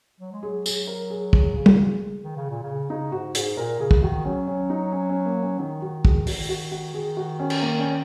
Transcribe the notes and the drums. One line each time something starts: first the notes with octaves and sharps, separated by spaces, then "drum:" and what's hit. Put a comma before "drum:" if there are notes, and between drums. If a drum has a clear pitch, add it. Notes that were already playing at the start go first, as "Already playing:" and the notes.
F#3
G#3
F#3 G#4
G#4, drum: tambourine
A#4
G#4
G#4, drum: kick
C#3 G#4
F#4, drum: tom G3
G#4
D#3
C#3
A#2
C#3
C#3 D#4
G#2 F#4
G#2 G#4, drum: hi-hat
A#2 A#4
C#3 G#4
drum: kick
D#3 F#4
F#3 C#4
C#4
D#4
C#4
C#4
A#3
C#4
D#3 D#4
F#4
G#4, drum: kick
D#3 F#4, drum: open hi-hat
F#4
F#4
D#3 G#4
F#4
C#4
drum: cymbal
A#3
C#4